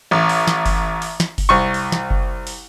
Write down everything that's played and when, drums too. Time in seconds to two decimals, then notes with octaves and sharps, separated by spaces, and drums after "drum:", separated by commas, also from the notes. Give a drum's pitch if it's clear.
0.11 A1
0.29 drum: open hi-hat
0.47 drum: snare
0.66 drum: kick F#1, open hi-hat
1.02 drum: open hi-hat
1.20 drum: snare
1.38 drum: kick F#1, open hi-hat
1.49 C2 C#6
1.74 drum: open hi-hat
1.92 drum: snare
2.10 drum: kick F#1
2.47 drum: open hi-hat